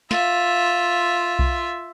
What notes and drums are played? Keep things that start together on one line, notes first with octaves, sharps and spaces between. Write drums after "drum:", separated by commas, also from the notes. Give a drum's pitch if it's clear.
F4 E5, drum: snare
drum: kick B1